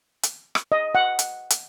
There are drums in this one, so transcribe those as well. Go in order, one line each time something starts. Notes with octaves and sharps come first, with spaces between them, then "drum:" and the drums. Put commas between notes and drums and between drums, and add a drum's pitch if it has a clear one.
drum: hi-hat
drum: rim click
D#5
F#5
drum: hi-hat
drum: hi-hat